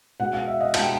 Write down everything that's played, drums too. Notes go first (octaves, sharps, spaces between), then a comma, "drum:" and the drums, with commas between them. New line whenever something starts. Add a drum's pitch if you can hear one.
B2 G#3 F#5
F5
E5
D#5 F5
B2 G#3 G5 A5, drum: cymbal